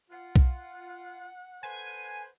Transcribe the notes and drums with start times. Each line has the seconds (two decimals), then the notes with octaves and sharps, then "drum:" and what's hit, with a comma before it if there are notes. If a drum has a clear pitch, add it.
0.10 F4 F#5
0.36 drum: kick B1
1.63 A4 B4 C5 G#5